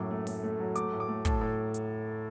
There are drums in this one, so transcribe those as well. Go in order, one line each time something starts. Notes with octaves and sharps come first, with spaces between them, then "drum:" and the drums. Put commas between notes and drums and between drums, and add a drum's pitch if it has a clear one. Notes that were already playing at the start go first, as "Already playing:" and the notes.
Already playing: F#2 A2 F#3 D6
A3
A3, drum: open hi-hat
A3
F#3
A3 D6, drum: hi-hat
A2
D6
A3
A2 A5, drum: kick, hi-hat
A2
drum: hi-hat